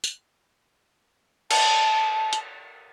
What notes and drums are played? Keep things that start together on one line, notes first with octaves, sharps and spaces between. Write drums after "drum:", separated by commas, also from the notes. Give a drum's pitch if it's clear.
drum: tambourine
A5, drum: cymbal
drum: hi-hat